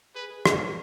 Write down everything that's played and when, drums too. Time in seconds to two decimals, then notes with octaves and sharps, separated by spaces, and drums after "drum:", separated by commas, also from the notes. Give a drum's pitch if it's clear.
0.15 G#4 B4
0.30 G#4
0.46 F#4 C#5, drum: rim click
0.61 A#4